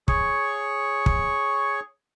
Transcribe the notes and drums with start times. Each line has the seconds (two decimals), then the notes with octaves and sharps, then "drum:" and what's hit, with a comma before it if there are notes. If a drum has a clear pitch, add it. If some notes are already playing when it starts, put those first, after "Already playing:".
0.08 G#4 C#5 C#6, drum: kick
1.06 drum: kick